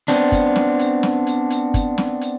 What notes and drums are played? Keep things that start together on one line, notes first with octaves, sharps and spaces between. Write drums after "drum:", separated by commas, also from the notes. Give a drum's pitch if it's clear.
B3 C4 D4, drum: hi-hat
drum: kick, hi-hat
drum: snare
drum: hi-hat
drum: snare
drum: hi-hat
drum: hi-hat
drum: kick, hi-hat
drum: snare
drum: hi-hat